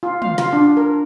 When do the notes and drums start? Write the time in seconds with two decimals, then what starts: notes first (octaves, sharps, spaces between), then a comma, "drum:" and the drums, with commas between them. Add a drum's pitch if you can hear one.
0.03 F4
0.22 F5, drum: tom
0.38 F4, drum: snare
0.53 D4
0.77 A#4